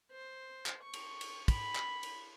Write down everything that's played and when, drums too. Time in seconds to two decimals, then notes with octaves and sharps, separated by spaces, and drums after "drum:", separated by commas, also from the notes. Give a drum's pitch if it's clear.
0.11 C5
0.66 drum: clap
0.83 C#6
0.93 drum: cymbal
1.21 drum: cymbal
1.48 B5, drum: kick, cymbal
1.76 drum: clap
2.03 drum: cymbal